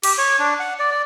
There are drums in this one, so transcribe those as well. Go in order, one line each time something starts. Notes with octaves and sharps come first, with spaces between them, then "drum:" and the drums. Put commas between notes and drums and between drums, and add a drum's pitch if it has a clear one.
G4, drum: cymbal
C#5
D4
F#5
D5
D5